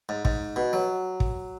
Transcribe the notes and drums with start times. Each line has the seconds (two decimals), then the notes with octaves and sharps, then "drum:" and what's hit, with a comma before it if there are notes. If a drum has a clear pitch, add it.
0.09 G#2
0.25 G#2, drum: kick
0.56 B2
0.73 F#3
1.20 drum: kick